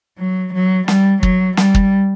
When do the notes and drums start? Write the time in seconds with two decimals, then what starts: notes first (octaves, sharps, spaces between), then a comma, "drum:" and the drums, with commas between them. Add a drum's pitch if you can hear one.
0.18 F#3
0.53 F#3
0.88 G3, drum: snare
1.23 F#3, drum: kick
1.57 G3, drum: snare
1.75 drum: kick